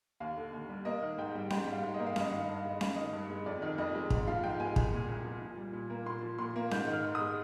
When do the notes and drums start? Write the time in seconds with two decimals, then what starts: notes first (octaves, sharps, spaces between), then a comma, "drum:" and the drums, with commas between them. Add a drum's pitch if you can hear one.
0.20 D#2 F5
0.37 D3
0.53 D#2
0.69 G3
0.85 A#3 D#5
1.02 D#3
1.18 G#2 G5
1.35 G3
1.50 G#2 G5, drum: snare C#4
1.67 G3
1.73 F5
1.83 G#2
1.94 D#5
2.00 A#3
2.07 F5
2.16 G2 D#5, drum: snare C#4
2.32 D#3 F5
2.44 G2 D#5
2.56 F5
2.65 G#3 D#5
2.81 G2 F5, drum: snare C#4
2.94 D#3 D#5
3.13 G2
3.30 G#3
3.46 F2 D5
3.62 D#3
3.78 F2 D#5
3.95 G#3
4.10 G#2, drum: kick
4.27 F3 F5
4.43 G#2 G5
4.60 G#3 G#5
4.76 C2, drum: kick
4.93 A#2
5.09 C2
5.25 F3
5.41 A#2
5.57 G3
5.73 A#2
5.90 A#3
6.06 A#2 C6
6.23 F3
6.39 A#2 C6
6.56 A#3
6.71 G#2 G6, drum: snare C#4
6.87 D#3
6.93 F6
7.04 G#2
7.15 D#6
7.21 G#3